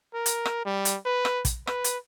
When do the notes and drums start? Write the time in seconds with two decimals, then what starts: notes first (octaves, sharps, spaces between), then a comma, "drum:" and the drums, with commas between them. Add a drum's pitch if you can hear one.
0.14 A#4
0.26 drum: hi-hat
0.45 drum: rim click
0.65 G3
0.85 drum: hi-hat
1.05 B4
1.25 drum: rim click
1.45 drum: kick, hi-hat
1.67 B4, drum: rim click
1.84 drum: hi-hat